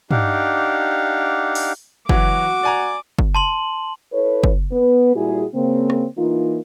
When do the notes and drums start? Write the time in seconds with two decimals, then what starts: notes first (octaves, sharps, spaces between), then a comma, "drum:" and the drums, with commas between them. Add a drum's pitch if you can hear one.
0.11 D4 D#4 G4 F5 F#5, drum: tom
1.55 drum: open hi-hat
2.09 E3 F#3 F#4 D6, drum: kick F#1
2.63 D5 G#5 A#5
3.19 drum: kick F#1
3.35 A5 C6 F#7
4.12 E4 A4 B4 C#5
4.44 drum: kick F#1
4.72 B3 B4
5.16 A#2 G3 E4 F#4 G#4
5.54 C#3 A#3 C4
5.90 drum: rim click
6.17 E3 A#3 D#4 F4